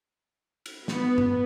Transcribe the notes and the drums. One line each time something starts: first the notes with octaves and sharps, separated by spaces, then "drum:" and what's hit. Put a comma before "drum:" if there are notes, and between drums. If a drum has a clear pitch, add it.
drum: cymbal
B3, drum: snare
drum: tom G2